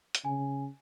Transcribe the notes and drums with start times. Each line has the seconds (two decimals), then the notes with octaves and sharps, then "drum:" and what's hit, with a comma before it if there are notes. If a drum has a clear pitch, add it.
0.15 drum: hi-hat
0.25 C#3 G#5